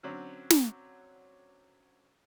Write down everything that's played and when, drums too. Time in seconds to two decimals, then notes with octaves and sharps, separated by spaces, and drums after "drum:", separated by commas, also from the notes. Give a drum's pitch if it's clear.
0.03 D3 F#3 C4 C#4
0.50 drum: snare